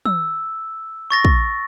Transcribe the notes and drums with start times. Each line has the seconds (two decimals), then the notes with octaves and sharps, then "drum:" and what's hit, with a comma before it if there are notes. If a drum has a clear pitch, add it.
0.05 E6, drum: tom
1.10 C#6 A6 A#6
1.25 drum: kick